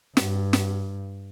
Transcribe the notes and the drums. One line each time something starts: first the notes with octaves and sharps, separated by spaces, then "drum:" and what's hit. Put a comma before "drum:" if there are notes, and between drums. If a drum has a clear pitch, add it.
G2, drum: snare
drum: snare